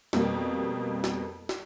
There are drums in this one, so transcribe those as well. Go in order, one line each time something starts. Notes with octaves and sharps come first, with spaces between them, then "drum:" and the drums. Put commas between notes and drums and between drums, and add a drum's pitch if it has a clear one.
F2 B2 G3 A#3, drum: snare
drum: snare
drum: snare